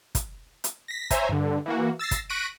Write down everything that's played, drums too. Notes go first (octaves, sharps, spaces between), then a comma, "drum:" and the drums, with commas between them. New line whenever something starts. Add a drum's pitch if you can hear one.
drum: kick, hi-hat
drum: hi-hat
A#6 B6
C5 C#5 E5 G#5 A#5, drum: kick, hi-hat
G2 D3
E3 A#3 F#4
E6 A6 A#6 C7
drum: kick, hi-hat
C#6 F#6 A#6 B6 D7 D#7